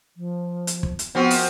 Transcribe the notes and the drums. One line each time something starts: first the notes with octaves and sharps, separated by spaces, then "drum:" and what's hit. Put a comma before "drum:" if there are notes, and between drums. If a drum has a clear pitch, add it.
F3
drum: hi-hat
drum: kick
drum: hi-hat
F3 B3 C4 F#4
drum: open hi-hat